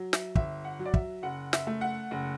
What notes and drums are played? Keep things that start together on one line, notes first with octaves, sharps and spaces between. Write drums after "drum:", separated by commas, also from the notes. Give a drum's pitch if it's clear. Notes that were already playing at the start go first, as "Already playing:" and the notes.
Already playing: F#3
E5, drum: snare
G1 E5, drum: kick
F#5
F#3
D5
E5, drum: kick
F#1 F#5
E5, drum: snare
A3
F#5
F#1